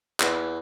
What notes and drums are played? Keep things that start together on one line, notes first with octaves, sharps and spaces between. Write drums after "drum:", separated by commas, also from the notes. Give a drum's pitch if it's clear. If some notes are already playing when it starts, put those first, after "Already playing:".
E2, drum: clap